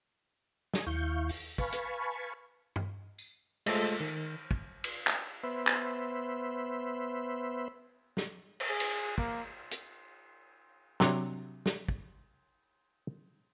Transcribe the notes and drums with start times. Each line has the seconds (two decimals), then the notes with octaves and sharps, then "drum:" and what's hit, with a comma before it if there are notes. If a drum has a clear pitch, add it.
0.74 D#5 G#5, drum: snare
0.86 D#2 E4 F5 C#6 G6
1.29 drum: open hi-hat
1.58 B4 F5 G#5 A5 B5 C#6, drum: kick
1.72 drum: hi-hat
2.76 drum: tom
3.18 drum: tambourine
3.66 G#3 A3 F4 A4, drum: cymbal
4.00 D#3
4.51 drum: kick
4.84 drum: cymbal
5.07 drum: clap
5.43 B3 B4 C5 E5
5.67 drum: clap
8.17 drum: snare
8.60 drum: cymbal
8.69 G#4
8.80 drum: cymbal
9.18 A#3, drum: kick
9.71 drum: hi-hat
11.00 C3 F#3 D4 C#5, drum: snare
11.66 drum: snare
11.88 drum: kick